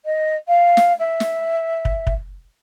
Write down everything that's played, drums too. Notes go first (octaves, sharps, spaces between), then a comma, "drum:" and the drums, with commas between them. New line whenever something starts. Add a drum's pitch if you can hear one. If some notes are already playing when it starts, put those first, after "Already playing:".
D#5
F5
drum: snare
E5
drum: snare
drum: kick
drum: kick